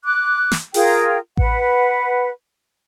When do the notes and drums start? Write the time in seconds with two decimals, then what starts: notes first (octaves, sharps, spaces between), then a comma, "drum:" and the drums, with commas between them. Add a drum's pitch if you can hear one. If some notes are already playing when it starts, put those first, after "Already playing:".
0.04 D6 F#6
0.51 drum: snare
0.74 F4 G#4 A#4 G5, drum: open hi-hat
1.37 B4 F#5, drum: kick A1